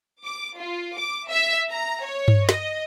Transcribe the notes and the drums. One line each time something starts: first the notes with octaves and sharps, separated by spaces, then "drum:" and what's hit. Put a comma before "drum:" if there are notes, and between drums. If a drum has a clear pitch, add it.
D6
F4
D6
E5
A#5
C#5
drum: tom G2
D#5, drum: snare